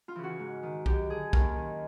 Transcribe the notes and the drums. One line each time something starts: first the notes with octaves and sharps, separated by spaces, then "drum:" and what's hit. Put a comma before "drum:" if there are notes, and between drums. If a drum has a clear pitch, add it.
F4
C#3 E3
F#4
G#2
D#3
F#2 G4, drum: kick
D3 G#4
D#2 A#4, drum: kick
D#3